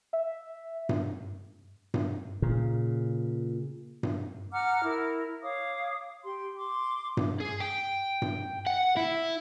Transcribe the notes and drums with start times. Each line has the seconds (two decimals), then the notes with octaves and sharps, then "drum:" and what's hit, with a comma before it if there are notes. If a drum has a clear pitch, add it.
0.13 E5
0.89 drum: tom G2
1.94 drum: tom G2
2.42 A#2 C#3
4.03 drum: tom G2
4.52 F#5 A#5 D6 F6
4.84 E4 A#4
5.43 C#5 F5 D6 D#6
6.23 G4 C6
6.57 C6 D6
7.17 drum: tom G2
7.40 G#4
7.60 G5
8.22 drum: tom G2
8.67 F#5
8.97 E4